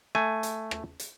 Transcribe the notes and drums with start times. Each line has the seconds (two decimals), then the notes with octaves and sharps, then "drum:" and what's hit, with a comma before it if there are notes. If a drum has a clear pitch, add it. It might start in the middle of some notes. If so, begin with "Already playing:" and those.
0.15 A3 G#5
0.43 drum: hi-hat
0.71 drum: rim click
1.00 drum: hi-hat